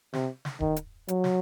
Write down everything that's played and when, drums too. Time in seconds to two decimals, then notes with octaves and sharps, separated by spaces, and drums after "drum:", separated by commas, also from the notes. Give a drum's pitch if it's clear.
0.13 C3, drum: snare
0.45 drum: snare
0.60 D#3, drum: kick D1
0.76 drum: hi-hat
1.08 F#3, drum: hi-hat
1.24 drum: snare